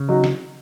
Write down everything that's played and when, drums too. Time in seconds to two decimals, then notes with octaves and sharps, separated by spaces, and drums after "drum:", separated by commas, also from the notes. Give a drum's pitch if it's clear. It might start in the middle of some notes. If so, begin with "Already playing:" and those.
Already playing: C#3
0.08 F#3 D#4 F#4
0.24 drum: snare